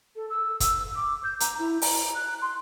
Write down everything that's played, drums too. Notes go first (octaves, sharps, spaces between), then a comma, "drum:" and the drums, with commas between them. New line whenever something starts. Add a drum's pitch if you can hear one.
A4
E6
E6, drum: kick, hi-hat
D6
G6
A#5, drum: hi-hat
E4
A#5, drum: open hi-hat
F#6
C6